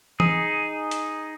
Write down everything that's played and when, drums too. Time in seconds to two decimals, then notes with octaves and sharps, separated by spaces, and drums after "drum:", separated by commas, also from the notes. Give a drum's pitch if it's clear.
0.20 D#4 G#4, drum: tom E3
0.91 drum: hi-hat